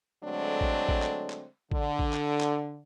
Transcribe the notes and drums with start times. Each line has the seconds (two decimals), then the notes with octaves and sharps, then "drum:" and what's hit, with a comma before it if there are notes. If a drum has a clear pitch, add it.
0.23 D3 F#3 G#3 A3 C4 D4
0.61 drum: kick A1
0.89 drum: kick A1
1.02 drum: clap
1.30 drum: clap
1.72 D3, drum: kick A1
1.99 drum: kick A1
2.13 drum: clap
2.41 drum: clap